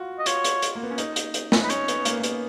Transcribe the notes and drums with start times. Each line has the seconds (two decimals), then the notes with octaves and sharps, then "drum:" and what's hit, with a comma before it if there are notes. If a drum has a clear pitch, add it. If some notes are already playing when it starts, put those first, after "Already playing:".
Already playing: F4 F#4
0.19 D#5
0.26 F4 C#5, drum: hi-hat
0.44 drum: hi-hat
0.62 drum: hi-hat
0.75 A#3
0.83 B3
0.91 C#4
0.98 D#4, drum: hi-hat
1.16 drum: hi-hat
1.34 drum: hi-hat
1.52 drum: snare
1.62 D#4 B4
1.70 C#4 C#5, drum: hi-hat
1.88 B3, drum: hi-hat
2.05 A#3, drum: hi-hat
2.20 A#3
2.23 B3, drum: hi-hat